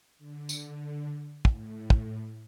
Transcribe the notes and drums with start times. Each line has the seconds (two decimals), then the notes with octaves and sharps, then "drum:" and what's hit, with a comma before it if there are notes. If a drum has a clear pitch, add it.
0.19 D3
0.49 drum: tambourine
1.45 A2, drum: kick
1.90 drum: kick